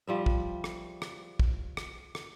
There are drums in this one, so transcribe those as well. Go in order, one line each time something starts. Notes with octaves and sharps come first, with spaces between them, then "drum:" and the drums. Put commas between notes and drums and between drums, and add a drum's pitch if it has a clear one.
F3 G3 E5
drum: kick
drum: rim click
drum: rim click
drum: kick
drum: rim click
drum: rim click